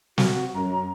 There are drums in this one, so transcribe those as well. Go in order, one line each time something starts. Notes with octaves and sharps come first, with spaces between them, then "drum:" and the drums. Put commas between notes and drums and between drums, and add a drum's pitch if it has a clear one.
F#4, drum: snare
F#2 A#5